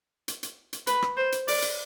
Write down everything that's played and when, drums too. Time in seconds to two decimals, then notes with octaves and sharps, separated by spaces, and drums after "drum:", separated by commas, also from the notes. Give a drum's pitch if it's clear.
0.28 drum: hi-hat
0.43 drum: hi-hat
0.73 drum: hi-hat
0.87 B4, drum: hi-hat
1.02 drum: rim click
1.17 C5
1.32 drum: hi-hat
1.48 D5, drum: open hi-hat
1.62 drum: hi-hat